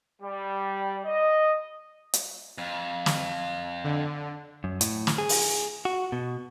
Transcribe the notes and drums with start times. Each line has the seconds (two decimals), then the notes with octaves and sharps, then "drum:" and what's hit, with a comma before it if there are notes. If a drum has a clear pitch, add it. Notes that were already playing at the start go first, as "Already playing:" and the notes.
0.22 G3
1.05 D#5
2.13 drum: hi-hat
2.58 F2
3.06 drum: snare
3.84 D3
4.64 F#2
4.81 A2, drum: hi-hat
5.07 drum: snare
5.18 G#4
5.29 drum: open hi-hat
5.85 F#4
6.12 B2